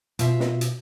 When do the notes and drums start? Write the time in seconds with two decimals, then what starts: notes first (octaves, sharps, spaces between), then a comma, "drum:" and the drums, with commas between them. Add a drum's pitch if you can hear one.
0.19 B2 F4 E5, drum: hi-hat
0.40 drum: snare
0.61 drum: hi-hat